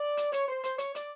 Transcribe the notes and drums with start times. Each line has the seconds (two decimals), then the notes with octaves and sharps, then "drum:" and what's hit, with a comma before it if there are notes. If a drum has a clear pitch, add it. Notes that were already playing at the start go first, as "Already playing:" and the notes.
Already playing: D5
0.17 drum: hi-hat
0.33 C#5, drum: hi-hat
0.48 C5
0.63 C5, drum: hi-hat
0.79 C#5, drum: hi-hat
0.95 D5, drum: hi-hat